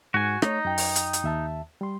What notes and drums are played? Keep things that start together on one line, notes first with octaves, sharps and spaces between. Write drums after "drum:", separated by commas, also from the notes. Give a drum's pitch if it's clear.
G#2 F#4 G#5
A3 D#4 C#5, drum: rim click
F#2 G5
drum: open hi-hat
drum: hi-hat
drum: hi-hat
D#2 E5 A5
G3 C6